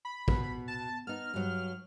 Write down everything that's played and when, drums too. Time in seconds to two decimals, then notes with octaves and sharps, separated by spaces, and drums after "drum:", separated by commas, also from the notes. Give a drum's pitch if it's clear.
0.05 B5
0.28 B2, drum: kick
0.68 A5
1.07 B3 D#4 F6
1.34 G2 F#3